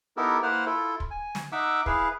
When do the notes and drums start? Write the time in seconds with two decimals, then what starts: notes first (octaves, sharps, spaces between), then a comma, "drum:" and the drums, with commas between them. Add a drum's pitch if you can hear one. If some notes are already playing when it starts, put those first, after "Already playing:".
0.17 B3 D#4 E4 G4 A4 A#4
0.43 A#3 E4 B4 C5 F#5 F6
0.66 E4 F4 A4
1.00 drum: kick
1.11 G#5
1.35 drum: snare
1.52 D#4 E5 F#5 D6 E6
1.86 E4 G#4 B4 F5, drum: kick